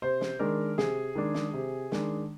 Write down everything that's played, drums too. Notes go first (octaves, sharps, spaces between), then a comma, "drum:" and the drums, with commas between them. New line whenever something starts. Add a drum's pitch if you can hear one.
C3 C5
drum: snare
D#3 G#3 D4 A#4
C3 G#4, drum: snare
D#3 G#3 D4
drum: snare
C3
D#3 G#3 D4, drum: snare